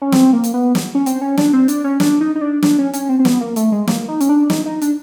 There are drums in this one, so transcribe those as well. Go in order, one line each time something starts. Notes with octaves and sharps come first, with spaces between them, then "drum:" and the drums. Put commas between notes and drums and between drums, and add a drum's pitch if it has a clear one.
C#4
C4, drum: snare
A#3
drum: hi-hat
B3
drum: snare
C#4
C4, drum: hi-hat
C#4
D4, drum: snare
C4
D4, drum: hi-hat
C#4
D4, drum: snare
D#4
D#4
D4
D4, drum: snare
C#4
C#4, drum: hi-hat
C4
C4
B3, drum: snare
A#3
A3, drum: hi-hat
G#3
A#3, drum: snare
D#4
C#4, drum: hi-hat
D4
D#4, drum: snare
D#4
D4, drum: hi-hat